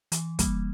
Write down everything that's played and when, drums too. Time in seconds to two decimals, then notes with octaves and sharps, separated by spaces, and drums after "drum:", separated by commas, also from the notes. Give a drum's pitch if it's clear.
0.12 E3, drum: hi-hat
0.39 G3 A#3, drum: kick, hi-hat